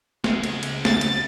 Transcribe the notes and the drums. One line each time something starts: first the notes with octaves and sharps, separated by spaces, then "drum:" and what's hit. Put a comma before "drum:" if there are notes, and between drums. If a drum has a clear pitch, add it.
C#2 G#3, drum: snare
drum: cymbal
drum: cymbal
A6, drum: snare
drum: cymbal